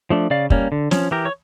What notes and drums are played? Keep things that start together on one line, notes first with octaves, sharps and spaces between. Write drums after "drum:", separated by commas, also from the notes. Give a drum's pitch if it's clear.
F3 A3 D4
C#3 D5 F5
G3 A#3 C#4, drum: kick
D3
F3 C#4, drum: snare
E3 G4 A#4
C#5